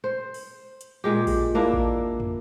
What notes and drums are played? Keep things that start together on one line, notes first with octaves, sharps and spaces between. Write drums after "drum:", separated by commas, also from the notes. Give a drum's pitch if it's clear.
C5
drum: open hi-hat
drum: hi-hat
A#2 G#3 G4
drum: kick A1, open hi-hat
A#3 D4 E4
drum: kick A1
drum: tom